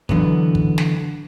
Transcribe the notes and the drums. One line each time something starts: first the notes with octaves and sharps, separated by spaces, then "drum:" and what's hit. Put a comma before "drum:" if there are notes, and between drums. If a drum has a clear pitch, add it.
D3 E3 F#3 B3, drum: kick
drum: kick
drum: snare